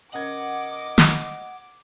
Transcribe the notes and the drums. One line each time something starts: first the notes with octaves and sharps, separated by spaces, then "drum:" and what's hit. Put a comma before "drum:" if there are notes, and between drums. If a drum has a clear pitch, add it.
C#3 A#4 D#5 F#5 D6 G#6
drum: snare